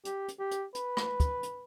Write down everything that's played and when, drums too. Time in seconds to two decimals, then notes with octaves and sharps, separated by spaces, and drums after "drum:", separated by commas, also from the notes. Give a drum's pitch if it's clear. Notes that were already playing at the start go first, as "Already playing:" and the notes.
0.05 G4, drum: hi-hat
0.28 drum: hi-hat
0.39 G4
0.51 drum: hi-hat
0.75 B4, drum: hi-hat
0.97 drum: rim click
1.20 drum: kick, hi-hat
1.43 drum: hi-hat